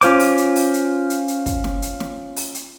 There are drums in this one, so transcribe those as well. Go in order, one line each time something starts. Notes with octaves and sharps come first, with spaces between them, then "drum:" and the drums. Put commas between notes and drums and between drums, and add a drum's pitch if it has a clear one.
C#4 F4 C5 D6, drum: hi-hat
drum: open hi-hat
drum: hi-hat
drum: open hi-hat
drum: hi-hat
drum: hi-hat
drum: hi-hat
drum: kick, hi-hat
drum: snare
drum: hi-hat
drum: snare
drum: open hi-hat
drum: hi-hat